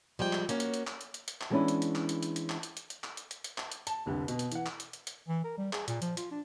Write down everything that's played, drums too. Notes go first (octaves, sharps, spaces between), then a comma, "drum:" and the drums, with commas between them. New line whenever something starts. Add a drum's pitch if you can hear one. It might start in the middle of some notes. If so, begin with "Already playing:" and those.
F3 G3 G#3 G5
drum: clap
A#3 C#4 F#4, drum: hi-hat
drum: hi-hat
drum: hi-hat
drum: clap
drum: hi-hat
drum: hi-hat
drum: hi-hat
drum: clap
E3 G#3 B3 C#4 D4 E4
drum: hi-hat
drum: hi-hat
drum: clap
drum: hi-hat
drum: hi-hat
drum: hi-hat
drum: clap
drum: hi-hat
drum: hi-hat
drum: hi-hat
drum: clap
drum: hi-hat
drum: hi-hat
drum: hi-hat
drum: clap
drum: hi-hat
A5, drum: hi-hat
F1 C2 D3
B2, drum: hi-hat
drum: hi-hat
E3 F#5, drum: hi-hat
drum: clap
drum: hi-hat
drum: hi-hat
drum: hi-hat
E3
A#4
G3
G#4, drum: clap
A#2, drum: hi-hat
F3, drum: hi-hat
F4, drum: hi-hat
D4